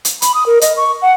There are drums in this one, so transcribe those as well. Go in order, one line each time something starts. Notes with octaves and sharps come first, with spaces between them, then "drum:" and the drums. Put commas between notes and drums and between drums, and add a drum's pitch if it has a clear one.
drum: hi-hat
B5, drum: hi-hat
D#6
A#4
D#5, drum: hi-hat
C#6
F#5